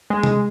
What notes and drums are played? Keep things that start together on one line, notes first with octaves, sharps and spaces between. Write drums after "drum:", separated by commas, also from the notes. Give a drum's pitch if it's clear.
G#3
drum: tom C3